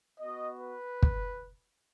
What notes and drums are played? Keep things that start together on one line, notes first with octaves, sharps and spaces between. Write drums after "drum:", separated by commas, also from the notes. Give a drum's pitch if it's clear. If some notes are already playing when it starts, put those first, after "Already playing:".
B3 F#4 D#5
B4
drum: kick